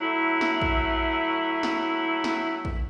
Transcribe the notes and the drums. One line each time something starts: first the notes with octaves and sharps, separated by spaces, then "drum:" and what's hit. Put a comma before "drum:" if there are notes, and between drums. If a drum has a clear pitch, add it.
F#3 A3 E4
drum: snare
drum: kick A#1
drum: snare
drum: snare
drum: kick A#1